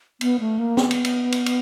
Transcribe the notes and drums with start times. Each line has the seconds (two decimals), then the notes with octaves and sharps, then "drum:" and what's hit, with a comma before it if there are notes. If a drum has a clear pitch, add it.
0.21 B3, drum: cymbal
0.40 A3
0.59 A#3
0.77 B3, drum: snare
0.91 drum: cymbal
1.05 drum: cymbal
1.32 drum: cymbal
1.46 drum: cymbal